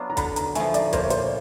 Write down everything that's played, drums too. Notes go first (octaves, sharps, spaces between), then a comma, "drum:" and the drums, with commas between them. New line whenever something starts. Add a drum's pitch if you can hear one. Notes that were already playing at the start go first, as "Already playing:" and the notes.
Already playing: F#3 B3 D4 F4
A#5
D3 B5, drum: kick, hi-hat
A#5, drum: hi-hat
F3 A3 G#5, drum: hi-hat
D5, drum: hi-hat
A#2 C5, drum: kick, hi-hat
C#5
C5, drum: hi-hat